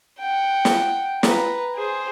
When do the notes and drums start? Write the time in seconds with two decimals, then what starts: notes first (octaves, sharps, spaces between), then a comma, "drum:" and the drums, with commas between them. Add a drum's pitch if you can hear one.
0.19 F#5 G5
0.65 drum: snare
1.23 B4 A#5, drum: snare
1.75 G#4 C5